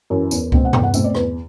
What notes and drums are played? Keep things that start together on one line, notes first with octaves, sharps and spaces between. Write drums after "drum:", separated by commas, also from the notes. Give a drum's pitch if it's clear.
F#2 E3
E2, drum: tambourine
B2 A3 C4, drum: kick C#2
F#5
E2 G5, drum: tom G2
F#5
B2 A3 C4 E5, drum: tambourine
D5
E2 B4, drum: rim click